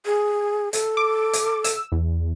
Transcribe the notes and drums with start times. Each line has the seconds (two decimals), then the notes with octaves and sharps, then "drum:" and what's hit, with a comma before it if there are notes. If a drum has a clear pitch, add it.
0.06 G#4
0.73 A4, drum: hi-hat
0.97 D6
1.33 drum: hi-hat
1.64 E6, drum: hi-hat
1.92 E2